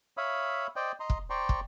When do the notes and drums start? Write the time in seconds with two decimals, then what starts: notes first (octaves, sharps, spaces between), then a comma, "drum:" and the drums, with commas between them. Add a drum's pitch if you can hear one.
0.17 C#5 E5 F5 B5 D#6
0.76 C5 D5 D#5 G5
1.00 D#5 A#5 C6
1.10 drum: kick
1.30 C5 D5 G5 A#5 C6 C#6
1.49 drum: kick